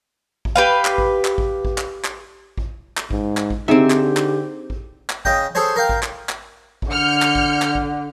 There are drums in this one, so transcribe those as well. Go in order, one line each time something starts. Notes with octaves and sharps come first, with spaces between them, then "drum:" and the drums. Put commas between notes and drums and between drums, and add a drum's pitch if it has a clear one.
drum: kick A1
G4 B4 F5
drum: clap
drum: kick A1
drum: clap
drum: kick A1
drum: kick A1
drum: clap
drum: clap
drum: kick A1
drum: clap
G#2, drum: kick A1
drum: clap
drum: kick A1
D3 C4 D#4 G4 G#4 E5 D7
drum: clap
drum: clap
drum: kick A1
drum: clap
C#3 D#5 G5, drum: kick A1
G#4 A4 C5 C#5
A#4 F5 G5
drum: kick A1
drum: clap
drum: clap
drum: kick A1
D3 F6 G6 C#7
drum: clap
drum: kick A1
drum: clap
drum: kick A1